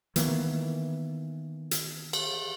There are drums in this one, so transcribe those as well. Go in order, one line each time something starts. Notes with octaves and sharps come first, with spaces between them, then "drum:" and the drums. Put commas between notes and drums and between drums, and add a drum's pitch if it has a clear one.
D#3 E3 A#3 B3, drum: hi-hat
drum: hi-hat
drum: cymbal